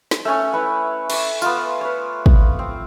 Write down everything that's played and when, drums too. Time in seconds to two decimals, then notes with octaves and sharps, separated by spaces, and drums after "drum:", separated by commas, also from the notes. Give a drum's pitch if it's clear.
0.11 drum: snare
0.25 A3 C#4 C#5 G#5
0.52 E4 B4 F#5
1.10 C#6 D6, drum: cymbal
1.42 B3 F4, drum: tambourine
1.81 B4 C#5
2.26 drum: kick
2.59 C4